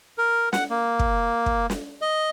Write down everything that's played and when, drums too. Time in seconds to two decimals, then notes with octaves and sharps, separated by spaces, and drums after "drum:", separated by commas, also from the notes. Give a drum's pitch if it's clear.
0.18 A#4
0.53 F#5, drum: snare
0.70 A#3
0.99 drum: kick
1.46 drum: kick
1.70 drum: snare
2.01 D#5